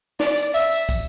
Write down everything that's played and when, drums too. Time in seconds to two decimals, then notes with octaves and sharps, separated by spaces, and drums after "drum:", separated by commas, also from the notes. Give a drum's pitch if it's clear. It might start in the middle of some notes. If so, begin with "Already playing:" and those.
0.20 D5, drum: snare
0.37 drum: tambourine
0.55 E5, drum: tambourine
0.72 drum: tambourine
0.89 drum: kick, tambourine